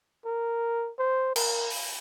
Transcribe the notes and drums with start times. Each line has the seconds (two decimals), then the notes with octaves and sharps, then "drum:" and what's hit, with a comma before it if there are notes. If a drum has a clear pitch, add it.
0.25 A#4
0.99 C5
1.36 A#4, drum: cymbal
1.70 drum: open hi-hat